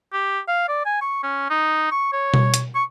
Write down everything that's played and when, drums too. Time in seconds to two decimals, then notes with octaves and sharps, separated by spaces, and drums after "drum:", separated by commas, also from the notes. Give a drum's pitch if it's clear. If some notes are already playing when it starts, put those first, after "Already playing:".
0.13 G4
0.48 F5
0.69 D5
0.85 G#5
1.01 C#6
1.23 C#4
1.50 D#4
1.92 C#6
2.13 C#5
2.34 drum: tom B2
2.54 drum: hi-hat
2.75 C#6